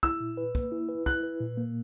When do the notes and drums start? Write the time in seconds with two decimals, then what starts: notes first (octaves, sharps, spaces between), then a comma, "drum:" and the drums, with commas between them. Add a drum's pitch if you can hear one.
0.03 E4 E6, drum: kick
0.20 A#2
0.37 B4
0.55 A#3, drum: kick
0.72 E4
0.89 B4
1.06 E4 F#6, drum: kick
1.23 B4
1.40 A#2
1.57 A#3